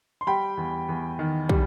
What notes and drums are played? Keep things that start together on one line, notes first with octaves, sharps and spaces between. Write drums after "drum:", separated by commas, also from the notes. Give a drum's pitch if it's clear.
C6
G3 G5 B5
E2
E2
D#3
G3, drum: kick